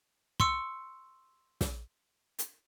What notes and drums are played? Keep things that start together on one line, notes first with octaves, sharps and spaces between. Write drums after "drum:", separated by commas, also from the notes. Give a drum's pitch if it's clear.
C6 C#6 E6 C#7, drum: kick
drum: snare
drum: hi-hat